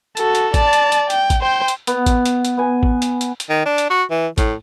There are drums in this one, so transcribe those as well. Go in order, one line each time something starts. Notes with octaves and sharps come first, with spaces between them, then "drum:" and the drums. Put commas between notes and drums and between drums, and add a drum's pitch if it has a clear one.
F#4 A4, drum: hi-hat
drum: hi-hat
D5 A5, drum: kick A1, hi-hat
drum: hi-hat
drum: hi-hat
G5, drum: hi-hat
drum: kick A1, hi-hat
C5 G5
drum: hi-hat
B3, drum: hi-hat
drum: kick A1, hi-hat
drum: hi-hat
drum: hi-hat
B3 G#5
drum: kick A1
drum: hi-hat
drum: hi-hat
drum: hi-hat
D#3
D4
drum: hi-hat
F#4
E3
A2, drum: kick A1, hi-hat